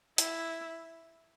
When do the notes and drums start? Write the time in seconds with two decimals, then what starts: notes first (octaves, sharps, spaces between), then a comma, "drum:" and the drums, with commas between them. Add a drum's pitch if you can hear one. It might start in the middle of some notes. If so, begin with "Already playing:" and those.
0.18 E4, drum: hi-hat